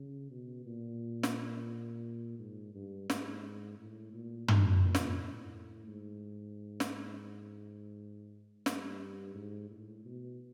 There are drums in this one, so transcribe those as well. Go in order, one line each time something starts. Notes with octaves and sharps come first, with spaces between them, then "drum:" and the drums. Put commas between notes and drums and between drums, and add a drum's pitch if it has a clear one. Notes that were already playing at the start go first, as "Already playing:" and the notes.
Already playing: C#3
B2
A#2
drum: snare
G#2
G2
G#2, drum: snare
A2
A#2
B2, drum: tom
A#2
drum: snare
A2
G#2
drum: snare
G2, drum: snare
G#2
A2
B2